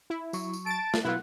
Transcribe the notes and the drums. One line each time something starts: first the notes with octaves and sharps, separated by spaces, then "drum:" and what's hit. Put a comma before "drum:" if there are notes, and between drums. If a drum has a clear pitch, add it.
E4
F#3 C#6, drum: tambourine
drum: tambourine
A5 A6 D7
drum: snare
B2 F#3 B3 E4 F4 F#5